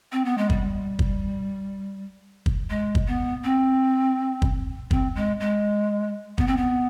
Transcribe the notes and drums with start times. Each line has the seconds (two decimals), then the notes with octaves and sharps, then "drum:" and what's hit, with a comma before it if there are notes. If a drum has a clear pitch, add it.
0.12 C4
0.25 B3
0.38 G#3
0.50 G3, drum: kick
0.99 drum: kick
2.46 drum: kick
2.70 G#3
2.95 drum: kick
3.07 B3
3.44 C4
4.42 drum: kick
4.91 C4, drum: kick
5.15 G#3
5.40 G#3
6.38 B3, drum: kick
6.47 C4
6.57 B3